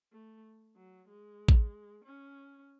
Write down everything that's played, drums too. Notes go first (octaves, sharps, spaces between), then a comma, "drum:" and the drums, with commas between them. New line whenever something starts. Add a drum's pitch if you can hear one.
A3
F#3
G#3
drum: kick A1
C#4